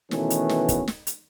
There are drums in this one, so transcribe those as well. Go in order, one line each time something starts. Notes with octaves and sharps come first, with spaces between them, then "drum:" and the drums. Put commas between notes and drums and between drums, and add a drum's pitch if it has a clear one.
B2 D#3 E3 A3 B3 C#4, drum: snare
drum: hi-hat
drum: snare
drum: kick, hi-hat
drum: snare
drum: hi-hat